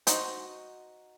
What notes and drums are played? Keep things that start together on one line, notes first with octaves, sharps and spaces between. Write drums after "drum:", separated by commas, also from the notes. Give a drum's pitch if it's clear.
D#4 F#4 C5, drum: hi-hat